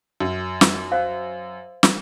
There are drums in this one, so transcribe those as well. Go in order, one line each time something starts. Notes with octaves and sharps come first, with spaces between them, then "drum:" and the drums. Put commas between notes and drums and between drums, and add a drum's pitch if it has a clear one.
F#2
drum: snare
C5 F5
drum: snare